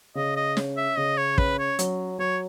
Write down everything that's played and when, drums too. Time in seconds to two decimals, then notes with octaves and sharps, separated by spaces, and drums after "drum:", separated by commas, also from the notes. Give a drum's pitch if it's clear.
0.15 C#3 D#5
0.36 D#5
0.57 C#4, drum: snare
0.77 E5
0.97 C#3 D#5
1.17 C#5
1.38 C#4 B4, drum: kick
1.59 C#5
1.79 F#3, drum: hi-hat
2.19 F#3 C#5